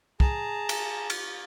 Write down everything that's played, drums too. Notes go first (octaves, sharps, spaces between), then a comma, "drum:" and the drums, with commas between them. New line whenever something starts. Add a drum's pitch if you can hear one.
G#4 A5 A#5, drum: kick
drum: cymbal
drum: cymbal